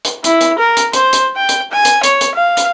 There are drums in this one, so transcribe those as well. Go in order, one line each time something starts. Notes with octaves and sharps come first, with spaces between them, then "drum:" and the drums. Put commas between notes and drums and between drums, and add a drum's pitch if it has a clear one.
drum: hi-hat
E4, drum: hi-hat
drum: hi-hat
A#4
drum: hi-hat
C5, drum: hi-hat
drum: hi-hat
G5
drum: hi-hat
G#5
drum: hi-hat
C#5, drum: hi-hat
drum: hi-hat
F5
drum: hi-hat